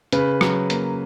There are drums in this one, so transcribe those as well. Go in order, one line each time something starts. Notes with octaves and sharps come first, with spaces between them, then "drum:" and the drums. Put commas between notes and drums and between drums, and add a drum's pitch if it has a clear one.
C#3 B4, drum: hi-hat
F#3, drum: rim click
A#3, drum: hi-hat